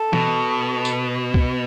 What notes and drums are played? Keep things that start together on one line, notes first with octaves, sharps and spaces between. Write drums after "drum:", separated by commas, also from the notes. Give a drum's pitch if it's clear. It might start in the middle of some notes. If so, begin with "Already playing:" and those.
Already playing: A4
B2, drum: tom E3
drum: tambourine
drum: kick